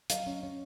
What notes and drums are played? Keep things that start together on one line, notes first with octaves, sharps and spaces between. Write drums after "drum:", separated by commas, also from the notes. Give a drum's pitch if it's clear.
F#3 D#5 F5, drum: hi-hat
C#4
C#4